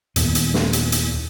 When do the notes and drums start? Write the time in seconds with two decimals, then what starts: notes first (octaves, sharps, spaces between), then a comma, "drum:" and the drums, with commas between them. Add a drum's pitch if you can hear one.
0.16 D#2 A#2 B3, drum: hi-hat
0.35 drum: hi-hat
0.54 drum: snare
0.73 drum: hi-hat
0.92 drum: hi-hat